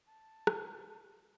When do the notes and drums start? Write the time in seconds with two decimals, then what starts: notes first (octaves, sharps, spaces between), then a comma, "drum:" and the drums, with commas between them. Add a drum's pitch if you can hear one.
0.07 A5
0.47 drum: rim click